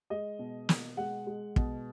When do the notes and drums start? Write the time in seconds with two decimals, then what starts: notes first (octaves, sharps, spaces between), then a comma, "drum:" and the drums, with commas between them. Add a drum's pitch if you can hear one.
0.10 G#3 D#5
0.39 B2
0.69 B2, drum: snare
0.97 G#3 F#5
1.27 G#3
1.56 B2, drum: kick